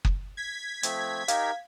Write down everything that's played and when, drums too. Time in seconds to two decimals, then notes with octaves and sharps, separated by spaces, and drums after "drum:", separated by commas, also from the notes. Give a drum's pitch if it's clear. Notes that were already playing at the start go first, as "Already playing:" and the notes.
0.05 drum: kick F#1
0.37 G#6 B6
0.83 F3 A3 C4, drum: hi-hat
1.28 D#4 G4 A#4 F5, drum: hi-hat